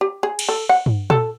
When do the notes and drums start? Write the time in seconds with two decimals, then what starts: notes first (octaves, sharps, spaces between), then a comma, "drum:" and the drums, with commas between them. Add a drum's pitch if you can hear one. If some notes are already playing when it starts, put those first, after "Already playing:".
0.01 G4
0.23 G#4
0.39 drum: cymbal
0.49 A4
0.69 F#5
0.86 drum: tom G2
1.10 A4, drum: tom A#2